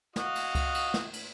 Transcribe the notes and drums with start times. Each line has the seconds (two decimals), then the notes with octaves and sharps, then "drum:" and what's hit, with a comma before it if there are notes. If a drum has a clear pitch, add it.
0.16 F#4 D#5 F5, drum: snare
0.35 drum: cymbal
0.55 drum: kick C#2, cymbal
0.74 drum: cymbal
0.94 drum: snare
1.13 drum: cymbal